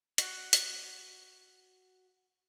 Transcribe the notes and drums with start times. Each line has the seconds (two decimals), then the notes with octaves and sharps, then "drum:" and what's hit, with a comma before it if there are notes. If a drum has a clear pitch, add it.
0.18 F#4 F#5, drum: hi-hat
0.53 drum: hi-hat